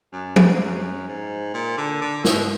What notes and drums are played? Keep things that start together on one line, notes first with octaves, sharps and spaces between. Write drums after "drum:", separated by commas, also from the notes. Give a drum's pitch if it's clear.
F#2
F#2, drum: tom F3
G#2
F#2
G#2
A#2
D3
D3
B2, drum: snare